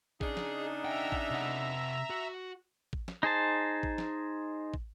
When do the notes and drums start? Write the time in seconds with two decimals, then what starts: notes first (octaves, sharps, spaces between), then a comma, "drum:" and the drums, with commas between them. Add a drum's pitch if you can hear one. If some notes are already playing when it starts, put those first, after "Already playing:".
0.21 C#3 D4 D#4 G#4, drum: kick
0.37 drum: snare
0.84 E5 F#5 G5 A#5
1.12 drum: kick
1.31 C3 F#5
2.10 F#4
2.93 drum: kick
3.08 drum: snare
3.23 D#4 G#4 C5 A5
3.83 drum: kick
3.98 drum: snare
4.74 drum: kick